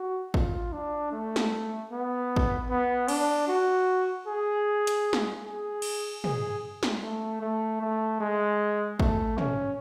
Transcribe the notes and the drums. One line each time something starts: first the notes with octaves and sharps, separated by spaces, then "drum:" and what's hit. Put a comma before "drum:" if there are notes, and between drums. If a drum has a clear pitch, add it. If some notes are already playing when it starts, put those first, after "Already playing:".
Already playing: F#4
F4, drum: kick G#1
D4
A3
drum: snare
B3
drum: kick G#1
B3
D4, drum: cymbal
F#4
G#4
drum: hi-hat
drum: snare
G#4
drum: cymbal
G#4, drum: tom
drum: snare
A3
A3
A3
G#3
A3, drum: kick G#1
C#4, drum: tom